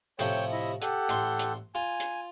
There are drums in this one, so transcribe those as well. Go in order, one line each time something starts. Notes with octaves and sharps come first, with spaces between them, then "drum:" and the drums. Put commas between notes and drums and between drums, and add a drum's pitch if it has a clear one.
A2 C3 F3 C#5 G5, drum: hi-hat
E4 D#5
G4 A4 F#5, drum: hi-hat
A1 C6, drum: hi-hat
drum: hi-hat
F4 G#5
drum: hi-hat